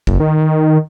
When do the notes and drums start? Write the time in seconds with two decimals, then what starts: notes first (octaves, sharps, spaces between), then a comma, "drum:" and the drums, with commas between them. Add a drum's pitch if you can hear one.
0.07 F#1, drum: kick
0.20 D#3